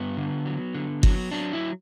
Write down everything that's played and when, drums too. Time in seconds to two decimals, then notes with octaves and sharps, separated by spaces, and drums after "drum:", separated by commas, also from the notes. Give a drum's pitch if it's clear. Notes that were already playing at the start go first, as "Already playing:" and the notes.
Already playing: G2 B3
0.17 D3
0.45 F#3
0.74 D3
1.03 F#3, drum: kick G1
1.32 F#3 D4
1.53 E4